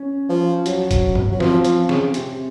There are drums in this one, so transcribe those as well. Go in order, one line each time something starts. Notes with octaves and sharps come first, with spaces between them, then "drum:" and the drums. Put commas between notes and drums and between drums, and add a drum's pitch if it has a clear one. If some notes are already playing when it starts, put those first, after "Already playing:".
Already playing: C#4
F3
F#3, drum: hi-hat
drum: kick, hi-hat
drum: tom
F#3
F3 C4, drum: snare
F3, drum: hi-hat
C#3, drum: snare
C3, drum: hi-hat